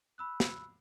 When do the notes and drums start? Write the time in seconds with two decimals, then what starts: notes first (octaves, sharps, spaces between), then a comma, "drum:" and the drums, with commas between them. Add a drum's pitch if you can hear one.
0.18 B5 E6 F#6
0.40 drum: snare